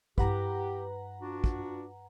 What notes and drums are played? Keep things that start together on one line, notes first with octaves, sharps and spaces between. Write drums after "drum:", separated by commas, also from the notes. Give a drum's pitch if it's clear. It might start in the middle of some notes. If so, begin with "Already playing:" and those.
G2 E4 G4 B4 F#5 A#5, drum: kick
D4 F4 F#4
drum: kick